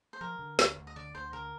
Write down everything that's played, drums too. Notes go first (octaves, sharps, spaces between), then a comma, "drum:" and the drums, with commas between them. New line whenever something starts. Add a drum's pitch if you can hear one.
C5
F3 A#4
D3
D2, drum: snare
D2
D#5
D3 D5
D2 C5
D3 A#4